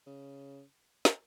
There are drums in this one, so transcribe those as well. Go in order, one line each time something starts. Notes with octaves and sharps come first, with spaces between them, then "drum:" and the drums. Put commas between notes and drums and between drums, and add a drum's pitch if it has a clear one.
C#3
drum: snare